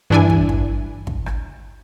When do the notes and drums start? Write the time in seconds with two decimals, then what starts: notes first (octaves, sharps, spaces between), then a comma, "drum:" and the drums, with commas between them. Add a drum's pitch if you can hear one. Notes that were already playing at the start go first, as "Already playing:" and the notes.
0.10 G2 E3 D4 E4 G#5
0.30 drum: kick
0.49 drum: kick
1.07 drum: kick
1.26 drum: rim click